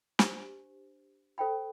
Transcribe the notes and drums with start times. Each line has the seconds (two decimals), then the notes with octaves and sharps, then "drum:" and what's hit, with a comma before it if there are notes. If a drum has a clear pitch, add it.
0.19 D4 G4 C5, drum: snare
1.38 A4 C5 G5 B5